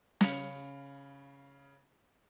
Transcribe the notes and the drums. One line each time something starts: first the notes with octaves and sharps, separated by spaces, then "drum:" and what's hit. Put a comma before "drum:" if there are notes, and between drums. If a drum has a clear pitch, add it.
C#3 F5 B5 C#7 F7, drum: snare